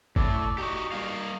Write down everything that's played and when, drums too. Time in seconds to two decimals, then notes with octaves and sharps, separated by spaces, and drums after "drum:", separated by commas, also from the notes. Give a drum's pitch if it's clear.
0.16 A2 A4 D5, drum: kick
0.58 D#4 F#4 G4
0.92 G3 A#3 F5